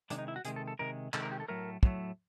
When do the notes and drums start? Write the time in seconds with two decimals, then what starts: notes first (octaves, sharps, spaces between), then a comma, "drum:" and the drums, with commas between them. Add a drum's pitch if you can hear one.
0.10 C3 D#3 G#3 D4, drum: hi-hat
0.19 D#4
0.28 E4
0.36 F#4
0.45 C3 D#3 G#3 G#4, drum: hi-hat
0.56 A4
0.67 A4
0.79 C3 D#3 G#3 A#4
1.14 C3 D#3 G#3 A4, drum: clap
1.23 A#4
1.32 G4
1.40 A4
1.48 A2 F#3 A3 A#4
1.83 A2 F#3 A3, drum: kick